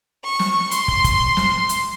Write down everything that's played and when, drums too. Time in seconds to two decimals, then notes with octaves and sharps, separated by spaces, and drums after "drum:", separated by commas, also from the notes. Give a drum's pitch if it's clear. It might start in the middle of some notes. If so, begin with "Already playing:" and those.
0.24 C#6
0.39 drum: snare
0.71 C6, drum: hi-hat
0.88 drum: kick
1.04 drum: kick, hi-hat
1.37 drum: snare
1.69 drum: hi-hat